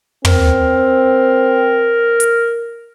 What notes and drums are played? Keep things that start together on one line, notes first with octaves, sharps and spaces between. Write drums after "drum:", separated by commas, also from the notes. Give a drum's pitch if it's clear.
C4 A#4, drum: tom
drum: hi-hat